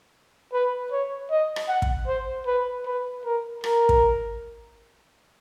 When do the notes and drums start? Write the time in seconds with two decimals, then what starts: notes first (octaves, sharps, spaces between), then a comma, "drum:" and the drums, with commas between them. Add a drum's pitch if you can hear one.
0.53 B4
0.92 C#5
1.31 D#5
1.56 drum: rim click
1.69 F#5
1.82 drum: kick
2.07 C5
2.46 B4
2.86 B4
3.25 A#4
3.64 A#4, drum: rim click
3.89 drum: kick